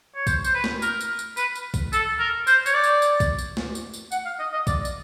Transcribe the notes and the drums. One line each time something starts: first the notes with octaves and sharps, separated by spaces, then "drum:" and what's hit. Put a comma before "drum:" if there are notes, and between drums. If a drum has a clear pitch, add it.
C#5
C5, drum: kick, tambourine
C5, drum: tambourine
B4
drum: snare
A#4, drum: tambourine
drum: tambourine
drum: tambourine
B4, drum: tambourine
drum: tambourine
drum: kick, tambourine
A4, drum: tambourine
A#4
C5, drum: tambourine
C#5, drum: tambourine
D5
drum: tambourine
drum: tambourine
drum: kick, tambourine
drum: tambourine
drum: snare
drum: tambourine
drum: tambourine
F#5, drum: tambourine
F5
D#5
D#5
D5, drum: kick, tambourine
drum: tambourine